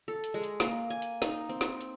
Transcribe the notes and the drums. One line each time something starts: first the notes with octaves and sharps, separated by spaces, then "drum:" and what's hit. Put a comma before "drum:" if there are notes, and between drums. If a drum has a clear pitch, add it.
A4
drum: hi-hat
G#3
drum: hi-hat
A#3, drum: snare
G#5
drum: hi-hat
D#4, drum: snare
C4
drum: snare
drum: hi-hat